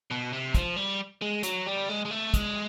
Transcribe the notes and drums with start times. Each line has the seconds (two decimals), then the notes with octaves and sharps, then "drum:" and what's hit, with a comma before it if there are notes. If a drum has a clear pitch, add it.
0.11 B2
0.32 C3
0.54 F3, drum: kick, hi-hat
0.76 G3
1.22 G#3
1.43 F#3, drum: hi-hat
1.66 G3
1.89 G#3
2.05 G#3
2.11 A3
2.34 G#3, drum: kick, hi-hat